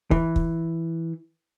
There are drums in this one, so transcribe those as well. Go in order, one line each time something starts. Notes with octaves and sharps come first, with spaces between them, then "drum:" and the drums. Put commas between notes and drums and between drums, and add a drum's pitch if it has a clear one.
E3, drum: kick
drum: kick